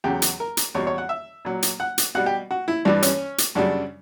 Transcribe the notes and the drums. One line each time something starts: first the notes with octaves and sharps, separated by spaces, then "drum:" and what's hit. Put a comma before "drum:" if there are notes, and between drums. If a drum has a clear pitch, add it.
E2 C#3 F#3 G4
drum: hi-hat
A#4
drum: hi-hat
E2 B2 G3 C#5
C#5
F#5
E5
A#2 F#3
drum: hi-hat
F#5
drum: hi-hat
B2 G3 F#5
G4
F#4
E4
G2 E3 G3 D4
C#4, drum: hi-hat
drum: hi-hat
F#2 C#3 G3 D4